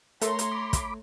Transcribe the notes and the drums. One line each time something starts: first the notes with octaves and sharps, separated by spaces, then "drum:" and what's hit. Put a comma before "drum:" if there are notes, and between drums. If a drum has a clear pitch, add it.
A3 A#4 C#5 A#5 C6, drum: hi-hat
drum: hi-hat
B5 D6
drum: kick, hi-hat